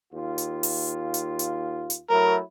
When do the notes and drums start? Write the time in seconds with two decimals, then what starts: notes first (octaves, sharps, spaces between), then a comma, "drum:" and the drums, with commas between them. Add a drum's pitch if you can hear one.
0.12 D#2 F4
0.38 drum: hi-hat
0.63 drum: open hi-hat
1.14 drum: hi-hat
1.39 drum: hi-hat
1.90 drum: hi-hat
2.10 F#3 A3 E4 A#4